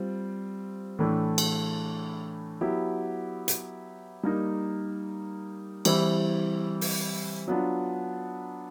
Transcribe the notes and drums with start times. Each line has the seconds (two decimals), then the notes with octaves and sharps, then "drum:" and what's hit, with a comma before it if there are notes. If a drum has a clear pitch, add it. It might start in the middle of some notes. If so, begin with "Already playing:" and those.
Already playing: G3 C4 F4
0.99 A2 E3 A3 D4
1.38 drum: cymbal
2.61 F#3 B3 E4 G4
3.48 drum: hi-hat
4.23 G3 A#3 D#4
5.85 E3 G3 C4 E4 G4, drum: cymbal
6.81 drum: open hi-hat
7.48 F#3 B3 D4 F4